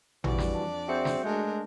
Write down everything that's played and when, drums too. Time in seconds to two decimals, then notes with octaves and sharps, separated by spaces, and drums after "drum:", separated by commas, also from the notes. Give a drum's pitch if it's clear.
0.24 F2 E3 G3 D4 F#4 D5, drum: tom A1
0.38 drum: snare
0.55 A5
0.88 C4 F#4 G#4 E5 G6 C#7
1.05 drum: snare
1.24 G#3 A3 D4 A#4 A5 G6